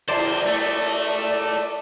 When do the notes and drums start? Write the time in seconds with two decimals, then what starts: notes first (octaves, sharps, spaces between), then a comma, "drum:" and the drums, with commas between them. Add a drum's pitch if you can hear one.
0.08 E2 C5 D5 A5, drum: cymbal
0.46 A3
0.82 drum: hi-hat